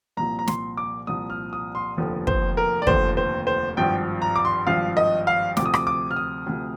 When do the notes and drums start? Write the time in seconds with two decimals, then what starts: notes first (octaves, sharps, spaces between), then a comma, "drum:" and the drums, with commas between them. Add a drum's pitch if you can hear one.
0.17 C2 A#2 F3 A#5
0.39 A#5
0.48 C6, drum: snare
0.77 D6
1.07 C2 A#2 F3 D#6
1.30 F6
1.53 D#6
1.75 C6
1.97 F1 D#2 D3 F3
2.27 C5, drum: kick
2.57 A#4
2.82 D5
2.87 F1 D#2 D3 F3 C5, drum: kick
3.17 C5
3.47 C5
3.77 G#1 G2 F3 G5
4.22 A#5
4.36 D6
4.45 C6
4.67 G#1 G2 F3 F5
4.97 D#5
5.27 F5
5.57 D2 C3 F3 D6, drum: snare
5.66 D#6
5.74 D6, drum: rim click
5.87 D6
6.11 F6
6.16 D#6
6.46 D2 C3 F3